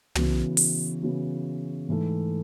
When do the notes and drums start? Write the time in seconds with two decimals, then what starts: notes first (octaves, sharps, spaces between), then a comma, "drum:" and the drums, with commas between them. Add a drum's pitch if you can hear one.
0.15 C#3 E3 B3 F#4, drum: tom
0.57 drum: open hi-hat
1.02 C#3 E3 B3 F#4
1.88 G#2 E3 A3